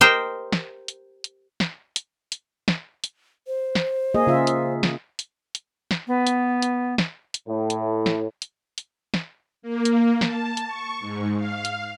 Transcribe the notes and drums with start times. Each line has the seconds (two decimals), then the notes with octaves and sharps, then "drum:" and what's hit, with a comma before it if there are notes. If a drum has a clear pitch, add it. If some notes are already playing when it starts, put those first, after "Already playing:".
0.01 G4 A#4 C5 D#5 G5
0.52 drum: snare
0.88 drum: hi-hat
1.24 drum: hi-hat
1.60 drum: snare
1.96 drum: hi-hat
2.32 drum: hi-hat
2.68 drum: snare
3.04 drum: hi-hat
3.47 C5
3.75 drum: snare
4.14 A#3 G#4 D#5
4.27 C#3 F4 E5
4.47 drum: hi-hat
4.83 drum: snare
5.19 drum: hi-hat
5.55 drum: hi-hat
5.91 drum: snare
6.07 B3
6.27 drum: hi-hat
6.62 drum: hi-hat
6.98 drum: snare
7.34 drum: hi-hat
7.48 A2
7.70 drum: hi-hat
8.06 drum: snare
8.42 drum: hi-hat
8.78 drum: hi-hat
9.14 drum: snare
9.62 A#3
9.85 drum: hi-hat
10.21 A5, drum: snare
10.57 drum: hi-hat
10.67 C#6
11.00 G#2
11.37 F5
11.65 drum: hi-hat